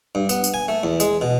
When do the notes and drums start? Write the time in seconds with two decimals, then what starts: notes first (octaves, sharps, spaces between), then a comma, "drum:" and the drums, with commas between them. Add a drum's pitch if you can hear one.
0.15 G2
0.29 B3, drum: tambourine
0.44 drum: tambourine
0.54 G#5
0.68 A3
0.84 E2
1.00 G#3, drum: tambourine
1.21 B2